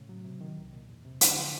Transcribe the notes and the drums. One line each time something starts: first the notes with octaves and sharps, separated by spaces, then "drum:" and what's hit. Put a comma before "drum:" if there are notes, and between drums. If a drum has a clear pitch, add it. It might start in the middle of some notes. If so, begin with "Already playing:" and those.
Already playing: A2 C#3
F#3
C3
D#3
C2
A#2
E2
C3
D3, drum: hi-hat
F3